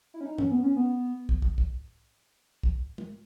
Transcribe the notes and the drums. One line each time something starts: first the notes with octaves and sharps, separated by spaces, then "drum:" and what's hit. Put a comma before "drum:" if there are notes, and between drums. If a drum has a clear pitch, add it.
E4
C#4
D#4
C#4, drum: tom G2
B3
C#4
B3
drum: kick
drum: kick
drum: kick
drum: kick
drum: tom G#3